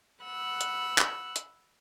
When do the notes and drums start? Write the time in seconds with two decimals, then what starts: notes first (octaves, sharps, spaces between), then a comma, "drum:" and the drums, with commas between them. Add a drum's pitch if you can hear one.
0.23 F#5 B5 E6 F#6
0.61 drum: hi-hat
0.98 drum: clap
1.36 drum: hi-hat